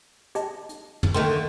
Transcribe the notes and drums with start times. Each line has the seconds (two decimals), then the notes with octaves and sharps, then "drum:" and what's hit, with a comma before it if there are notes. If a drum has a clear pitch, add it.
0.35 G4 D#5 A5, drum: hi-hat
0.69 drum: hi-hat
1.03 drum: tom
1.14 D3 D#3 A3 A#4 G5 C6